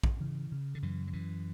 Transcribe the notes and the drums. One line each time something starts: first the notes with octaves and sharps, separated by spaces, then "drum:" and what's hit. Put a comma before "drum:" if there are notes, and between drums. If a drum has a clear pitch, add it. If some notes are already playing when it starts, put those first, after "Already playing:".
drum: kick
C#3 E3
C#3
D3
F#2 E3
F#3
F#2 E3